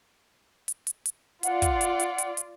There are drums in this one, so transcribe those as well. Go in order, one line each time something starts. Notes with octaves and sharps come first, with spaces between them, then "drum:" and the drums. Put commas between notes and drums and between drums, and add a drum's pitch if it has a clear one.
drum: hi-hat
drum: hi-hat
drum: hi-hat
F4 D5 F#5, drum: hi-hat
drum: kick, hi-hat
drum: hi-hat
drum: hi-hat
drum: hi-hat
drum: hi-hat